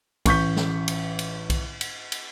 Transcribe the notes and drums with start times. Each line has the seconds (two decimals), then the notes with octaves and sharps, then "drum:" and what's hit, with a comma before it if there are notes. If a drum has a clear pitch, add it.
0.26 A1 C#6 G6 B6, drum: kick B1, cymbal
0.57 drum: snare
0.88 drum: cymbal
1.19 drum: cymbal
1.50 drum: kick B1, cymbal
1.81 drum: cymbal
2.12 drum: cymbal